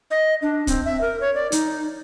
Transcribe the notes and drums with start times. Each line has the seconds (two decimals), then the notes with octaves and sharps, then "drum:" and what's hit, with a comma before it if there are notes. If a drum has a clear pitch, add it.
0.11 D#5
0.42 D4
0.67 C4, drum: kick, hi-hat
0.85 E5
1.01 A#4
1.21 C#5
1.35 D5
1.52 D#4, drum: hi-hat